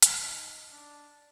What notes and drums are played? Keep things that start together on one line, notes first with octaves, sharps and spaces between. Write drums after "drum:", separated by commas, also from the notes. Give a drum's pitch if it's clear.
drum: hi-hat
D#4
D4